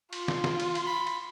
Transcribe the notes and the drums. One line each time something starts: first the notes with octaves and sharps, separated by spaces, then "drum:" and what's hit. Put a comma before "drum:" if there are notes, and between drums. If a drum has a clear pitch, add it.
F4 C6, drum: cymbal
drum: snare
drum: snare
drum: cymbal
drum: cymbal
B5
drum: cymbal